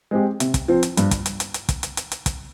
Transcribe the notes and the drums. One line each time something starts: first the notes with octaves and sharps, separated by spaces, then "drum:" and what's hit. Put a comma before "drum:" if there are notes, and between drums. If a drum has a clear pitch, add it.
G#3 C4 G4
C3, drum: hi-hat
drum: kick, hi-hat
F3 C4
drum: hi-hat
G2, drum: hi-hat
drum: kick, hi-hat
drum: hi-hat
drum: hi-hat
drum: hi-hat
drum: kick, hi-hat
drum: hi-hat
drum: hi-hat
drum: hi-hat
drum: kick, hi-hat